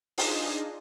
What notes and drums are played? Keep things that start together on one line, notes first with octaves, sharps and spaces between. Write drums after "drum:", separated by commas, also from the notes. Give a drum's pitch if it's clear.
D4 D#4 F4 G#4 D#5, drum: open hi-hat